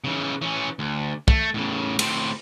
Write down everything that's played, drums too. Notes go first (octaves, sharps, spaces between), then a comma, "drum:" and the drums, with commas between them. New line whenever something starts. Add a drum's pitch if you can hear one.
C#3 E3
E3 C#4
D2
A3, drum: kick
A2 C#3
A2 C4, drum: cymbal